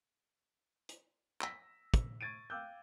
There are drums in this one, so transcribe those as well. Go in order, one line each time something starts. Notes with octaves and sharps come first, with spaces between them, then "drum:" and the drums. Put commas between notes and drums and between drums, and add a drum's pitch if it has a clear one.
drum: hi-hat
E6 A#6 B6, drum: clap
drum: kick, hi-hat
C#6 G#6 A6 D7 D#7
F5 G5 D6 E6 F#6 G6